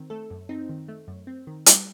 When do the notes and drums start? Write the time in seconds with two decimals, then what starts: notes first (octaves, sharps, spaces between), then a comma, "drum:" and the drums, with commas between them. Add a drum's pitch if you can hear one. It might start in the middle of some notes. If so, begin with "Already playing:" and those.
Already playing: D#3 C4
0.10 A3 A4
0.31 F#2
0.49 C4 D#4
0.69 D#3
0.88 A3
1.08 F#2
1.27 C4
1.47 D#3
1.66 G3, drum: hi-hat